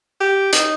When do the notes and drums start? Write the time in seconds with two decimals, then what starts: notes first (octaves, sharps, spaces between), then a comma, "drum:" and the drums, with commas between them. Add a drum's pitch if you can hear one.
0.20 G4
0.53 D#4, drum: hi-hat